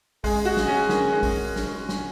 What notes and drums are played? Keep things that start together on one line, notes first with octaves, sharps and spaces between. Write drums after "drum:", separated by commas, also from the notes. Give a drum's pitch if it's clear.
G#3 G#4, drum: kick A1, open hi-hat
F#4
drum: snare
C#4
D#3, drum: snare
G#3
drum: kick A1, open hi-hat
drum: snare
drum: snare